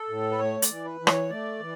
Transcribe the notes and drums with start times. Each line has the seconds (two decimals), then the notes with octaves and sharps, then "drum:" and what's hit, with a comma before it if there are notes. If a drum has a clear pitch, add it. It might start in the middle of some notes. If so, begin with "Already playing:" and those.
Already playing: A4
0.09 A2
0.31 B4
0.39 A3 C#5
0.62 D5, drum: hi-hat
0.69 E3
0.85 B4
1.00 E3
1.07 C#5, drum: rim click
1.30 A3 D5
1.60 E3